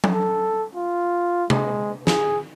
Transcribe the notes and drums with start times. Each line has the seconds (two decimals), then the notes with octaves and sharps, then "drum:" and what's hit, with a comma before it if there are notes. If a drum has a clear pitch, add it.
0.04 drum: tom F#3
0.13 A4
0.75 F4
1.50 G#3, drum: tom
2.07 G#4, drum: snare